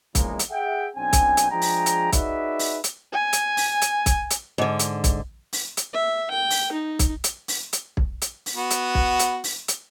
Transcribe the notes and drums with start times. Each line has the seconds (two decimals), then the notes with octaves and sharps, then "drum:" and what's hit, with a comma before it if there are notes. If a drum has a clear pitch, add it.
0.15 E2 C#3 F3 G#3 A#3 D#4, drum: kick, hi-hat
0.39 drum: hi-hat
0.51 G#4 E5 F#5 G5
0.96 B1 C4 D4 G5 G#5
1.13 drum: kick, hi-hat
1.37 drum: hi-hat
1.50 F3 G#3 D4 G#4 G5 A#5
1.62 drum: open hi-hat
1.86 drum: hi-hat
2.12 D#4 F#4 G#4 B4 D5 E5, drum: kick, hi-hat
2.59 drum: open hi-hat
2.84 drum: hi-hat
3.13 G#5
3.33 drum: hi-hat
3.57 drum: open hi-hat
3.82 drum: hi-hat
4.06 drum: kick, hi-hat
4.30 drum: hi-hat
4.58 G#2 D3
4.79 drum: hi-hat
5.04 drum: kick, hi-hat
5.53 drum: open hi-hat
5.77 drum: hi-hat
5.93 E5
6.31 G5
6.50 drum: open hi-hat
6.72 D#4
6.99 drum: kick, hi-hat
7.24 drum: hi-hat
7.48 drum: open hi-hat
7.73 drum: hi-hat
7.97 drum: kick
8.22 drum: hi-hat
8.46 drum: open hi-hat
8.55 B3 F#4
8.70 drum: hi-hat
8.95 drum: kick
9.19 drum: hi-hat
9.44 drum: open hi-hat
9.68 drum: hi-hat